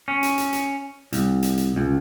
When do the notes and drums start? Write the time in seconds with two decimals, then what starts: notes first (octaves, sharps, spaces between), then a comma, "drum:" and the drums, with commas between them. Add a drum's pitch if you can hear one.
0.08 C#4
0.23 drum: hi-hat
0.38 drum: hi-hat
0.53 drum: hi-hat
1.13 C2, drum: hi-hat
1.42 drum: hi-hat
1.57 drum: hi-hat
1.76 C#2